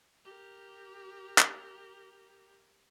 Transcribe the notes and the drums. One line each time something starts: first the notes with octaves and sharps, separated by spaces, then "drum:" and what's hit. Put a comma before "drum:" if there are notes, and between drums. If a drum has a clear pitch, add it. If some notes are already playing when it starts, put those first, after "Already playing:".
G4 A#4
drum: clap